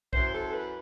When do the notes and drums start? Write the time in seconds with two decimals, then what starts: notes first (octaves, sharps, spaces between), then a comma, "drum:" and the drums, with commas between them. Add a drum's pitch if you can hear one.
0.13 F#2 E3 C5, drum: kick B1
0.33 A4
0.52 B4